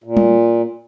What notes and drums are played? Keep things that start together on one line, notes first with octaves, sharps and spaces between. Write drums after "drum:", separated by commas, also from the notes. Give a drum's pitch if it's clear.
A#2
drum: tom G3